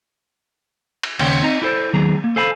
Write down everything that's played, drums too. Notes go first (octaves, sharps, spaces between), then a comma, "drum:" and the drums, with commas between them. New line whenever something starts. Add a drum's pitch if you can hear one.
drum: cymbal
D#2 C#3 C#5 F#5 G5 C6, drum: cymbal
C4 D#4 D#5 A#5
E4 A4 C5 D5
D#2 D#3 F#3 B3 G#4 A#5
A#3
A4 C5 F5 G#5 A5 B5